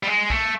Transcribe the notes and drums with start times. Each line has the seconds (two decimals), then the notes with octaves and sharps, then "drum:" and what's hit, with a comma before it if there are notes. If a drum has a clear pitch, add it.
0.03 G3
0.08 G#3
0.30 A3, drum: kick B1